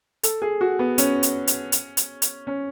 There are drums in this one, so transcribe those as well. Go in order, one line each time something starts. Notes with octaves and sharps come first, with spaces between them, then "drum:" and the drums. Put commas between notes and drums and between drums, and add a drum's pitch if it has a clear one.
A4, drum: hi-hat
G#4
F#4
B3
C#4, drum: hi-hat
drum: hi-hat
drum: hi-hat
drum: hi-hat
drum: hi-hat
drum: hi-hat
C#4